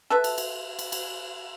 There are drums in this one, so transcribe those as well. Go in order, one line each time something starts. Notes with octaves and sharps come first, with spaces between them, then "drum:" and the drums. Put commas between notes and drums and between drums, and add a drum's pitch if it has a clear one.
A4 B4 E5
drum: cymbal
drum: cymbal
drum: cymbal
drum: cymbal